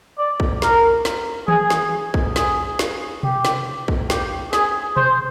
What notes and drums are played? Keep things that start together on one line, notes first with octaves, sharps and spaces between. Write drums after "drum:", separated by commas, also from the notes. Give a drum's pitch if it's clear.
D5
drum: kick
A#4, drum: snare
drum: snare
G#4, drum: tom D#3
drum: snare
drum: kick
G#4, drum: snare
drum: snare
G4, drum: tom B2
drum: snare
drum: kick
G4, drum: snare
G#4, drum: snare
C5, drum: tom B2